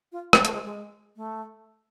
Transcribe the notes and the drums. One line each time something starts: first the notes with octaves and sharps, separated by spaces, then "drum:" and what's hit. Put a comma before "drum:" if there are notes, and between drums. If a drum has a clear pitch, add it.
F4
C4, drum: rim click
A3, drum: hi-hat
G#3
G#3
A3